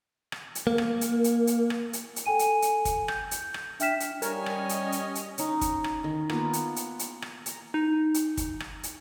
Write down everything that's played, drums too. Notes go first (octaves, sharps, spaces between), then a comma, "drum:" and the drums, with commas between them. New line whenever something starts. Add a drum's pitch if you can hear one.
drum: rim click
drum: hi-hat
A#3
drum: rim click
drum: hi-hat
drum: hi-hat
drum: hi-hat
drum: rim click
drum: hi-hat
drum: hi-hat
A4 G5 G#5 D#7
drum: hi-hat
drum: hi-hat
drum: kick, hi-hat
G6, drum: rim click
drum: hi-hat
drum: rim click
D4 E5 G5 F6 B6 E7, drum: hi-hat
drum: hi-hat
G3 C#4 A#4 C#5 D#5 G#5, drum: hi-hat
drum: rim click
drum: hi-hat
drum: hi-hat
drum: hi-hat
C#4 D#4, drum: hi-hat
drum: kick, hi-hat
drum: rim click
D#3
A#3 B3 F4 B4, drum: rim click
drum: hi-hat
drum: hi-hat
drum: hi-hat
drum: rim click
A#5, drum: hi-hat
D#4
drum: hi-hat
drum: kick, hi-hat
drum: rim click
drum: hi-hat